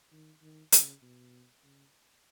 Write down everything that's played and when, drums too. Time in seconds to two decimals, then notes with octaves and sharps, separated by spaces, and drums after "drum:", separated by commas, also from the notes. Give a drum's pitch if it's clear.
0.12 D#3
0.42 D#3
0.72 C#3, drum: hi-hat
1.02 B2
1.63 C#3